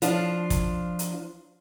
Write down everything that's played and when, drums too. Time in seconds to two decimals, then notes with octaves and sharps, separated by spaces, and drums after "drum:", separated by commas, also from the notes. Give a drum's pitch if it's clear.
0.02 F3 D4 F4, drum: hi-hat
0.50 drum: kick, hi-hat
0.99 drum: hi-hat